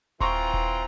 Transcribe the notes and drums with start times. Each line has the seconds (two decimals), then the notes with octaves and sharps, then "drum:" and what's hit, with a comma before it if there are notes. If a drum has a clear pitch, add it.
0.20 E3 C4 F4 A#5 C6 C#6, drum: kick D#1
0.54 drum: kick D#1